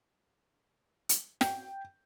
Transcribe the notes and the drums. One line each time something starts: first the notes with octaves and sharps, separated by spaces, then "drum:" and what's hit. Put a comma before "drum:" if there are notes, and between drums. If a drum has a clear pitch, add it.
drum: hi-hat
G5, drum: snare